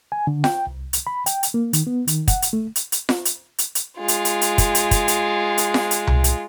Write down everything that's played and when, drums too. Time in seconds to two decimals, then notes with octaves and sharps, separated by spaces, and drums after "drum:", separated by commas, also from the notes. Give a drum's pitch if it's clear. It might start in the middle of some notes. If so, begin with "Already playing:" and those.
0.12 G#5
0.27 D3
0.44 G5, drum: snare F4
0.67 C2
0.93 drum: hi-hat
1.07 B5
1.26 G5, drum: hi-hat
1.43 drum: hi-hat
1.54 A#3
1.73 D#3, drum: hi-hat
1.87 B3
2.08 D#3, drum: hi-hat
2.28 F#5, drum: kick, hi-hat
2.42 drum: hi-hat
2.53 A3
2.76 drum: hi-hat
2.92 drum: hi-hat
3.09 drum: snare F4
3.25 drum: hi-hat
3.58 drum: hi-hat
3.75 drum: hi-hat
3.99 G#3 F4
4.08 drum: hi-hat
4.25 drum: hi-hat
4.41 drum: hi-hat
4.58 drum: kick, hi-hat
4.75 drum: hi-hat
4.91 drum: kick, hi-hat
5.08 drum: hi-hat
5.58 drum: hi-hat
5.74 drum: snare F4
5.91 drum: hi-hat
6.07 drum: tom C2
6.24 drum: hi-hat